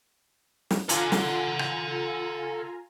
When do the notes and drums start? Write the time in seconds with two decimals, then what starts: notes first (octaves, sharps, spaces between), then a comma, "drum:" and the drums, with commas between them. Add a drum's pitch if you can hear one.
0.71 drum: snare
0.89 F4 A4 F#5 G#5 A#5, drum: hi-hat
1.12 drum: snare
1.59 drum: rim click